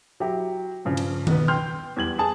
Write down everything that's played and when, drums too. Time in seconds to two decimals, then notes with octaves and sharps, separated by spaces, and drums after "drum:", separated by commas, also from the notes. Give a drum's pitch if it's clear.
0.20 F#3 E4 G4
0.85 G2 C#3 F3
0.97 drum: cymbal
1.27 B1 B3, drum: tom D#3
1.48 G5 C6 F6 G6
1.96 E2 G3 G#6 F#7
2.19 G#4 G#5 A5